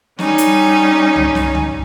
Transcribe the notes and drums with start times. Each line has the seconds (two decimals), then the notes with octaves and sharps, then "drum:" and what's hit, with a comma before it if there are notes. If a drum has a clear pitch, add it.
0.19 G3 C#4 D#4, drum: snare
0.38 drum: hi-hat
1.16 drum: tom C2
1.35 drum: snare
1.54 drum: tom C2